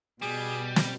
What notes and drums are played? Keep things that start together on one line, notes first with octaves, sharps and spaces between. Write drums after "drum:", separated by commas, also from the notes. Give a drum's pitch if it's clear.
B2 G3 G#4
drum: snare